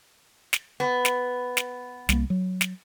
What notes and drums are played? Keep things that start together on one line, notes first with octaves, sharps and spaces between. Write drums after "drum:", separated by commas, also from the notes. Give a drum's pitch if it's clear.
drum: snare
B3
drum: snare
drum: snare
C2 G#3 A#3, drum: snare
F#3
drum: snare